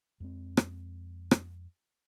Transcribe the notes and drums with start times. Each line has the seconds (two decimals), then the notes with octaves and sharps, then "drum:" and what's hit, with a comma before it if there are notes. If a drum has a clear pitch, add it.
0.20 F2 G#3 C4
0.57 drum: rim click
1.31 drum: rim click